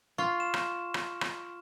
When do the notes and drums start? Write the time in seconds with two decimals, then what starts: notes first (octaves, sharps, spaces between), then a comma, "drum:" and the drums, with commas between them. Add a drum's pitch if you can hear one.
0.18 F4 C#6 F6
0.40 E7
0.54 drum: rim click
0.94 drum: rim click
1.21 drum: rim click